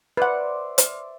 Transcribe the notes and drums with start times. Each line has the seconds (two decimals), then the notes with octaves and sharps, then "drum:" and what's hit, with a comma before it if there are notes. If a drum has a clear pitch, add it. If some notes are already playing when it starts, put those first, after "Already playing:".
0.17 B4 C5 D5 E5 F#5
0.78 drum: hi-hat